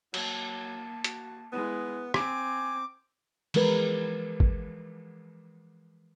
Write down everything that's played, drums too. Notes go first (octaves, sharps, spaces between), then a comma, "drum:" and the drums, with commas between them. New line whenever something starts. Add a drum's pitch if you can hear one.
F#3 A#3 A5, drum: cymbal
F#4, drum: hi-hat
G#3 B3 E4
C4 G#5 D6, drum: rim click
E3 F3 G#3 A#4 B4, drum: cymbal
drum: kick